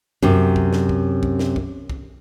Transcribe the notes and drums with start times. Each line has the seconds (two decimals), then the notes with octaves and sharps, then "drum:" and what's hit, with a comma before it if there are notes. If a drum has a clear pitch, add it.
0.23 F#2 C3, drum: kick
0.56 drum: kick
0.73 drum: snare
0.89 drum: kick
1.23 drum: kick
1.39 drum: snare
1.56 drum: kick
1.90 drum: kick